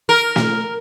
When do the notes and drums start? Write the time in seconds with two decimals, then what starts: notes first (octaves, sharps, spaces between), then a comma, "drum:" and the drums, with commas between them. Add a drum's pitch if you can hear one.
0.09 A#4
0.36 drum: snare